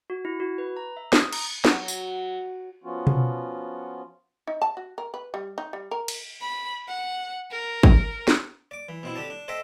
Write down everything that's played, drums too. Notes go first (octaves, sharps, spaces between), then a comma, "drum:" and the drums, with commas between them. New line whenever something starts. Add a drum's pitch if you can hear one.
F#4
E4
F#4
B4
A#5
E5
D#6, drum: snare
A#5, drum: cymbal
F#3, drum: snare
drum: tambourine
F3 B3 C#4 F4 F#4
drum: tom B2
D#4
A5
F#4
A#4
B4
G3
D#4
G3
A#4
drum: cymbal
B5
F#5
A#4
drum: kick
drum: snare
D5 D6
E3
B2 C4 E4
D3 G4 D5 A5
D4
A4 C5 D#5 E5 G5 A5